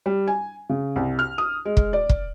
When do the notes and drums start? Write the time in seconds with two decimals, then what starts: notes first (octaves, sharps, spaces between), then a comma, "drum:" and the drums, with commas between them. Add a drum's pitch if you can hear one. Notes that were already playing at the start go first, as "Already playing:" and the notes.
0.06 G3
0.28 G#5
0.69 C#3
0.96 C2
1.19 F6
1.38 D#6
1.65 G#3
1.77 drum: kick
1.93 D5
2.09 drum: kick